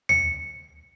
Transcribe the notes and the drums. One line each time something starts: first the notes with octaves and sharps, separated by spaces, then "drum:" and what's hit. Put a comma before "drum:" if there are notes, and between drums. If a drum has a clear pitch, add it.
C#7, drum: tom D2